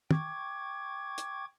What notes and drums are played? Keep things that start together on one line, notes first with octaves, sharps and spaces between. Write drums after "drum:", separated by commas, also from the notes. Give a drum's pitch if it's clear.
G5 C#6 D6 G#6, drum: tom
drum: hi-hat